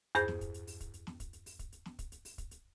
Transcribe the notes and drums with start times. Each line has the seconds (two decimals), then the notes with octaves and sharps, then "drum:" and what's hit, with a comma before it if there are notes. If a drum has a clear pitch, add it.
0.15 E2 G2 G#4 C5 G6, drum: hi-hat
0.28 drum: snare
0.41 drum: kick, hi-hat
0.54 drum: hi-hat
0.67 drum: open hi-hat
0.80 drum: kick, hi-hat
0.94 drum: hi-hat
1.07 drum: snare
1.20 drum: kick, hi-hat
1.33 drum: hi-hat
1.46 drum: open hi-hat
1.59 drum: kick, hi-hat
1.72 drum: hi-hat
1.86 drum: snare
1.99 drum: kick, hi-hat
2.12 drum: hi-hat
2.25 drum: open hi-hat
2.38 drum: kick, hi-hat
2.51 drum: hi-hat